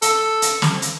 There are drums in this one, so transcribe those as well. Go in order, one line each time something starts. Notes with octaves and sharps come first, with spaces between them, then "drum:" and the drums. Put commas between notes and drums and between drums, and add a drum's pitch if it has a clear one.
A4, drum: hi-hat
drum: hi-hat
drum: snare
drum: hi-hat